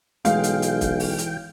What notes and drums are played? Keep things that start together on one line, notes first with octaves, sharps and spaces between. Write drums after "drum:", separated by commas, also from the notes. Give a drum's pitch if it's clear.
B1 E3 G#3 F5 G5, drum: hi-hat
drum: hi-hat
drum: hi-hat
drum: kick, hi-hat
drum: open hi-hat
drum: hi-hat